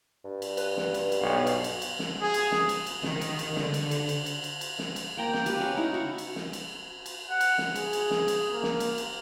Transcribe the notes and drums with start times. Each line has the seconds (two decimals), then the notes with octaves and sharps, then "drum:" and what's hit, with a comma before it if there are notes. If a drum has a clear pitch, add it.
0.25 G2
0.42 drum: cymbal
0.57 B4, drum: cymbal
0.77 drum: snare
0.94 drum: cymbal
1.12 drum: cymbal
1.21 B1 F5
1.47 drum: cymbal
1.64 drum: cymbal
1.82 drum: cymbal
1.99 drum: snare
2.20 G#4
2.34 drum: cymbal
2.52 drum: snare
2.69 drum: cymbal
2.86 drum: cymbal
3.03 D#3, drum: snare
3.21 drum: cymbal
3.39 drum: cymbal
3.56 D3, drum: snare
3.74 drum: cymbal
3.91 drum: cymbal
4.09 drum: cymbal
4.26 drum: cymbal
4.44 drum: cymbal
4.61 drum: cymbal
4.79 drum: snare
4.96 drum: cymbal
5.17 A#3 G5 A#5
5.33 A#4, drum: snare
5.46 G4 B4, drum: cymbal
5.59 C#4 F#4 F5
5.77 D#4 E4 A#5
5.94 F#4
6.18 drum: cymbal
6.36 drum: snare
6.53 drum: cymbal
7.06 drum: cymbal
7.29 F#5
7.41 drum: cymbal
7.58 drum: snare
7.76 G#4, drum: cymbal
7.93 drum: cymbal
8.10 drum: snare
8.28 drum: cymbal
8.53 A#3
8.63 drum: snare
8.80 drum: cymbal
8.98 drum: cymbal